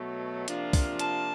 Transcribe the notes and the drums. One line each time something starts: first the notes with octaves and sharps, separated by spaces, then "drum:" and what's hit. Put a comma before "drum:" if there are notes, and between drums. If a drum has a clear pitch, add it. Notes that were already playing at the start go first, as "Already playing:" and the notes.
Already playing: B2 F#3 A3
C3 F3 A#3 D4 F4, drum: hi-hat
drum: kick, open hi-hat
A5, drum: hi-hat